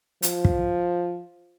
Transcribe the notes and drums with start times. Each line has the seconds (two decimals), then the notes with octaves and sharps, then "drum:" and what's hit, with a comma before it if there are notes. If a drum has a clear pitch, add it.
0.22 F3, drum: hi-hat
0.45 drum: kick